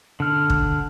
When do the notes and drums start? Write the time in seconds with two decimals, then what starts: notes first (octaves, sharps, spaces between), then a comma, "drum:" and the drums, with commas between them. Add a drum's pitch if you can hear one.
0.20 D3 F6
0.50 drum: kick